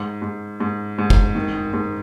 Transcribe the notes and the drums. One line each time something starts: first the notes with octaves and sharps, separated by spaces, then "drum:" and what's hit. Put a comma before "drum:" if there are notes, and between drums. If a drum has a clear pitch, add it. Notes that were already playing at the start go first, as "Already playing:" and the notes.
Already playing: G#2
G#2
G#2
G#2
drum: kick
D#3
G#2